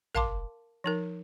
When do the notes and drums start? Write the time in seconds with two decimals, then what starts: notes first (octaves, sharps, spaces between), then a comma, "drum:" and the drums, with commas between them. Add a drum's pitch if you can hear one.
0.15 A#4 F5 A5 C6 D6, drum: tom
0.84 F3 D#4 A#4